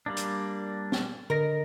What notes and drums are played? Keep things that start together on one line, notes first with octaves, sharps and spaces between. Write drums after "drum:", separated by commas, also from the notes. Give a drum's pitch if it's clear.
G3 A#3 D4
drum: hi-hat
drum: snare
D3 A#4 D#5 A#6